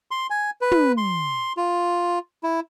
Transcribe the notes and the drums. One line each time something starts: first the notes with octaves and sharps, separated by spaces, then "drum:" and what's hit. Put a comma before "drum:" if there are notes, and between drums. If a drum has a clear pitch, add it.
C6
G#5
B4
drum: tom
C6
F4
E4